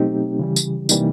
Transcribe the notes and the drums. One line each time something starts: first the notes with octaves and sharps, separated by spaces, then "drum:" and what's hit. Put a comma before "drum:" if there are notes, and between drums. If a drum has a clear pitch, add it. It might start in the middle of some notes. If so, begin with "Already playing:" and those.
Already playing: B2 F#3 A3 C4 D#4 G4
C#3 E3 G3
drum: tambourine
C3 E3 G3 A#3 D#4, drum: tambourine